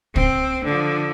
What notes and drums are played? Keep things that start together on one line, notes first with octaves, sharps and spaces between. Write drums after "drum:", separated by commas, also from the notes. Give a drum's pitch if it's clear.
C4, drum: kick
D3 F3